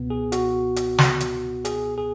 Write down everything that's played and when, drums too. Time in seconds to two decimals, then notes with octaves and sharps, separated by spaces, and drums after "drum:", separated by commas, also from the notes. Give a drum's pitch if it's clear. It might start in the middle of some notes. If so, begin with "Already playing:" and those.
Already playing: C#2 B2 B3
0.10 G#4
0.32 F#4, drum: hi-hat
0.76 drum: hi-hat
0.98 drum: snare
1.20 drum: hi-hat
1.65 G#4, drum: hi-hat
1.98 G#4